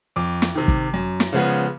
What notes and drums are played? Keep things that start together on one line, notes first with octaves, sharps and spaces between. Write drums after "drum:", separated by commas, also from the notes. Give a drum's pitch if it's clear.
F2 D6
drum: snare
C3 D#3
drum: kick
F#2
drum: snare
C#3 F3 G#3 B3